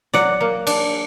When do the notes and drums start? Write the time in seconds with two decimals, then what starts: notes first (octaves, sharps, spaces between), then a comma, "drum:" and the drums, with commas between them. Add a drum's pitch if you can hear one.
0.14 F#3 D5 F#5, drum: snare
0.41 A#3
0.67 D4, drum: cymbal